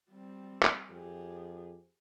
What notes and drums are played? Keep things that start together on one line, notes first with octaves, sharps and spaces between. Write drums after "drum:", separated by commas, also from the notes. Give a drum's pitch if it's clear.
G3 C4
drum: clap
F2 G4 G#4